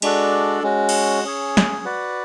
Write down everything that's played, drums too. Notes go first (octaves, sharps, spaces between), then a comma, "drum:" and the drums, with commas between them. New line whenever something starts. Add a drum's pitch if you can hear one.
G#3 D4 F#4 A4 D5, drum: cymbal
G#3 C#4 F#4
drum: cymbal
C#4 G#4 C#5
drum: snare
F#4 B4 D5 F#5